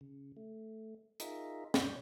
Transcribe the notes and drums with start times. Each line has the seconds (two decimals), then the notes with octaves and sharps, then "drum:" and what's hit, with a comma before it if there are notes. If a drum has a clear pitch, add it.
0.01 C#3
0.37 A3
1.20 D#4 F4 G#4 A#4 D#5 E5, drum: hi-hat
1.74 G2 B2 C#4 C#5 D5 G6, drum: snare